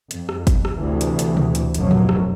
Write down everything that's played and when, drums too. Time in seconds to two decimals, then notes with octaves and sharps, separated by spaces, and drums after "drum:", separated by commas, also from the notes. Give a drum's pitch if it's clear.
0.11 F2, drum: hi-hat
0.29 drum: rim click
0.47 drum: kick, hi-hat
0.65 drum: rim click
0.77 D2 C3 E3
1.01 drum: hi-hat
1.19 drum: hi-hat
1.37 drum: tom
1.55 drum: hi-hat
1.74 F1 F#2 B2 F3 F#3, drum: hi-hat
1.91 drum: tom
2.09 drum: rim click